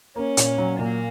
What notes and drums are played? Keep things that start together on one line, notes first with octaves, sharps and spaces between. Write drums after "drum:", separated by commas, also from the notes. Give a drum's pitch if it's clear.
A#3 C#4
A#2, drum: hi-hat
F#3
A#2 A#3